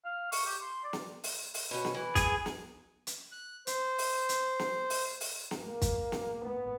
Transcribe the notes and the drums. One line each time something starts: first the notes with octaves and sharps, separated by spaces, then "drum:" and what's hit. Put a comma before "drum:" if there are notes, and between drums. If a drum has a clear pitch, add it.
F5
C#6, drum: open hi-hat
G4
C6
D5
drum: snare
drum: open hi-hat
drum: open hi-hat
B2 C#4
drum: snare
E3
G#4 G#5, drum: kick, hi-hat
drum: snare
drum: hi-hat
F#6
C5, drum: hi-hat
drum: open hi-hat
drum: hi-hat
drum: snare
drum: open hi-hat
drum: open hi-hat
drum: snare
A#3
drum: kick, hi-hat
drum: snare
B3